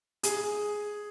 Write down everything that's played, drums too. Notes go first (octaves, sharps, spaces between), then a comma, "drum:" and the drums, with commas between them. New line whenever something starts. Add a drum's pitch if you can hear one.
G#4, drum: hi-hat